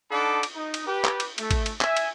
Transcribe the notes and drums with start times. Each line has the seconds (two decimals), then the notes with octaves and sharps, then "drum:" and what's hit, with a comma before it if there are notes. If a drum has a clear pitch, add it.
0.10 D4 D#4 A4 F#5 B5 D6
0.43 drum: cymbal
0.55 D#4
0.74 drum: cymbal
0.86 G4 B4
1.05 drum: clap
1.20 drum: cymbal
1.38 A3, drum: cymbal
1.51 drum: kick, cymbal
1.66 drum: cymbal
1.81 E5 G#5, drum: clap
1.97 drum: cymbal